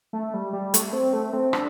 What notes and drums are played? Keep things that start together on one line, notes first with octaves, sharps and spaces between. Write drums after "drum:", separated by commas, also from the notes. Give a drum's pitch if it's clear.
A3
G3
G3
A3, drum: hi-hat
C4
A3
C4
D4, drum: rim click